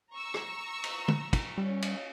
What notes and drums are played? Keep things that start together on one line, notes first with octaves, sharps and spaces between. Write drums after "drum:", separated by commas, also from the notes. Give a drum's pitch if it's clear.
A#5 C#6 E6
drum: rim click
drum: cymbal
drum: tom
drum: kick, cymbal
G3 C#4
drum: cymbal